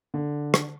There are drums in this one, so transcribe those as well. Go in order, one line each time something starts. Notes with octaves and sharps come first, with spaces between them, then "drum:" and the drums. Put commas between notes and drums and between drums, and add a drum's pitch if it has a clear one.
D3
drum: rim click